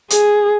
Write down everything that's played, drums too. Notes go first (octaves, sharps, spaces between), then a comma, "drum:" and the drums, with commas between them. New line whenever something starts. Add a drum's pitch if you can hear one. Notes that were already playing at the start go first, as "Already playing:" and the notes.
G#4, drum: hi-hat